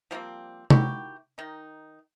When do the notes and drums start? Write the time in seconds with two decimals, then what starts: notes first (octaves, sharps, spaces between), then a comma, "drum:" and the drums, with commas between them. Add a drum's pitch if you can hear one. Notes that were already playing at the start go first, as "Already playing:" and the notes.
0.11 F3 G3 A#3 C4
0.70 D#3 E4 F#4 G4, drum: tom C3
1.38 D#3 D#4